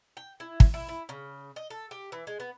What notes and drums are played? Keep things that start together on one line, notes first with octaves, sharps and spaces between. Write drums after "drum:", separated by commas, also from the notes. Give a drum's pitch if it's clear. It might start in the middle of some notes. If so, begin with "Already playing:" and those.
G5
E4
drum: kick
E4
E4
C#3
D#5
A4
G4
E3
G#3
B3